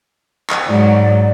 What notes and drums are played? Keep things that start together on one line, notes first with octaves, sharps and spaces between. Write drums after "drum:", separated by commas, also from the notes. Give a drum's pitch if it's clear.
drum: clap
G#2 F#3 D5